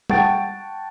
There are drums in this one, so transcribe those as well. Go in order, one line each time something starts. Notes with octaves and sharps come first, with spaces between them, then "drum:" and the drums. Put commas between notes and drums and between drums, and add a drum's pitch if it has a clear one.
F#5 G5 A5 C#6 A6 D7, drum: tom